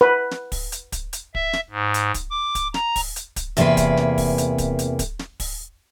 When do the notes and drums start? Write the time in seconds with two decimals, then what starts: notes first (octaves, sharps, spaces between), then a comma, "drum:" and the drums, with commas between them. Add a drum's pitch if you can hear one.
0.01 B4
0.31 drum: snare
0.52 drum: kick, open hi-hat
0.72 drum: hi-hat
0.92 drum: kick, hi-hat
1.13 drum: hi-hat
1.35 E5, drum: kick
1.53 drum: snare
1.70 G#2
1.94 drum: hi-hat
2.14 drum: kick, hi-hat
2.31 D6
2.55 drum: kick, hi-hat
2.74 A#5, drum: snare
2.96 drum: kick, open hi-hat
3.16 drum: hi-hat
3.36 drum: kick, hi-hat
3.57 E2 C3 A#3 G#4 B4, drum: hi-hat
3.77 drum: kick, hi-hat
3.97 drum: snare
4.18 drum: kick, open hi-hat
4.38 drum: hi-hat
4.58 drum: kick, hi-hat
4.79 drum: hi-hat
4.99 drum: kick, hi-hat
5.19 drum: snare
5.40 drum: kick, open hi-hat